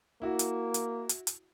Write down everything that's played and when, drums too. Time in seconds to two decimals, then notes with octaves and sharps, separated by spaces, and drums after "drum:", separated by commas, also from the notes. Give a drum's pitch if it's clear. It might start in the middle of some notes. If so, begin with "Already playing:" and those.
0.22 A#3 E4 F#4
0.39 drum: hi-hat
0.74 drum: hi-hat
1.09 drum: hi-hat
1.27 drum: hi-hat